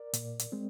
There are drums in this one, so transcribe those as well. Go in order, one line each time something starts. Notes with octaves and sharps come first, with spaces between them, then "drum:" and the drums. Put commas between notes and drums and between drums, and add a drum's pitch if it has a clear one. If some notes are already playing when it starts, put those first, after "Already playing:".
Already playing: A#4 D5
A#2, drum: hi-hat
drum: hi-hat
G#3 C4